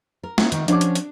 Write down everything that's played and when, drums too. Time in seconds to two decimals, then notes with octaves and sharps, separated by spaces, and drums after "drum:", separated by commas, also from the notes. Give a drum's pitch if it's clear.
0.23 A#4
0.38 A#3 C#4, drum: snare
0.52 D#3, drum: hi-hat
0.68 F3 C#4 D4 F#5 D6, drum: hi-hat
0.81 drum: hi-hat
0.95 drum: hi-hat